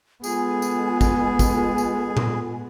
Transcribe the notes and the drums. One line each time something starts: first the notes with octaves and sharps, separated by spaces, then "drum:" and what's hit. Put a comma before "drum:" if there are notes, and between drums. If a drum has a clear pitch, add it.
G#3 B3 F4 G#4 A4 G#5, drum: tambourine
drum: tambourine
drum: kick, tambourine
drum: kick, tambourine
drum: tambourine
drum: tom A#2